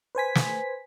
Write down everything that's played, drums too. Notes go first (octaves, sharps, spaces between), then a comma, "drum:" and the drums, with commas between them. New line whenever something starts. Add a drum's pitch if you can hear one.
B4 C5 G#5 B6
drum: snare